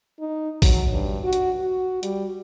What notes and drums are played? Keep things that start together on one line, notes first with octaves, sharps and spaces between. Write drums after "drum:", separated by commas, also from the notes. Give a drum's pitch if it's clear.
D#4
F#3, drum: kick, open hi-hat
G2
F#4
drum: hi-hat
F#4
G3, drum: hi-hat